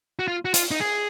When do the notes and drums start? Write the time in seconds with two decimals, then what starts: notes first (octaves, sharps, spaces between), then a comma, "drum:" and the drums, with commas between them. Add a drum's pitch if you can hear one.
0.19 F#4
0.28 F4
0.45 F#4
0.54 F4, drum: hi-hat
0.71 D#4
0.80 G#4